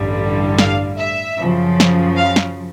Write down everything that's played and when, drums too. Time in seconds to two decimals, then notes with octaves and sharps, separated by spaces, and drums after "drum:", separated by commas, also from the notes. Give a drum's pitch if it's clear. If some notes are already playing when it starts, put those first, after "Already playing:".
Already playing: A1 G2 D3 G3
0.59 F5, drum: snare
0.99 E5
1.38 F#2 C#3 F3
1.80 drum: snare
2.17 F5
2.36 drum: snare